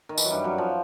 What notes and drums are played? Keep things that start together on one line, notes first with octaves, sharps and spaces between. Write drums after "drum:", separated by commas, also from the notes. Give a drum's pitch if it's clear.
D#3
E3, drum: tambourine
F#3
G2 G3
F#2 F#3
F3